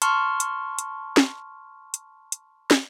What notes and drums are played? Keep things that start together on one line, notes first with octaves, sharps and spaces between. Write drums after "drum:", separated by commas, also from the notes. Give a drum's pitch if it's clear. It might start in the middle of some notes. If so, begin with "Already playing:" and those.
A5 C6 C#6 F6, drum: hi-hat
drum: hi-hat
drum: hi-hat
drum: snare
drum: hi-hat
drum: hi-hat
drum: snare